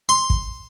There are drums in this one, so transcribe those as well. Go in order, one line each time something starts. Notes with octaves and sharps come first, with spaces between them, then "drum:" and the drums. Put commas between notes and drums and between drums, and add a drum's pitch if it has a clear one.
C6
drum: kick